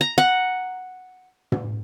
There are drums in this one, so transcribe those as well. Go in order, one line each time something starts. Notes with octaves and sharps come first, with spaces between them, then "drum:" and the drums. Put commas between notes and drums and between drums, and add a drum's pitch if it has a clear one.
A#5
F#5
drum: tom